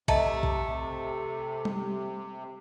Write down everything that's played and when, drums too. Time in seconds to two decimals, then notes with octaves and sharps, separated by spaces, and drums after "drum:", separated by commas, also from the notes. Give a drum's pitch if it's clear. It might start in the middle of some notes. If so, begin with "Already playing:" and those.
0.08 C3 A3 D#5 A5 A#5, drum: kick A#1
0.43 drum: kick A#1
1.65 drum: tom G3